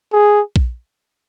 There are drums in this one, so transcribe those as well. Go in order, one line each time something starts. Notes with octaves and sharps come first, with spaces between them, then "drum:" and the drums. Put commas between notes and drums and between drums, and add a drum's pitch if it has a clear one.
G#4
drum: kick A#1